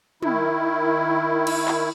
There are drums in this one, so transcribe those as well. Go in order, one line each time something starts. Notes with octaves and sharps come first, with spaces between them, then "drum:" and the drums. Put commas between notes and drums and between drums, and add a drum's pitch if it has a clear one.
D#3 E4, drum: tom
drum: cymbal
drum: clap